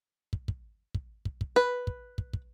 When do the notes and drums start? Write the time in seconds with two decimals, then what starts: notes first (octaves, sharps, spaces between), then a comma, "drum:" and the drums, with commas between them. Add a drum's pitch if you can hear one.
0.33 drum: kick
0.48 drum: kick
0.94 drum: kick
1.25 drum: kick
1.41 drum: kick
1.56 B4
1.87 drum: kick
2.18 drum: kick
2.33 drum: kick